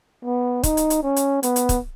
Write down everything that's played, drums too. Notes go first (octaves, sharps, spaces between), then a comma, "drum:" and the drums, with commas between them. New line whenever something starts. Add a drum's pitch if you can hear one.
B3
D#4, drum: kick, hi-hat
drum: hi-hat
drum: hi-hat
C#4
drum: hi-hat
B3, drum: hi-hat
drum: hi-hat
drum: kick, hi-hat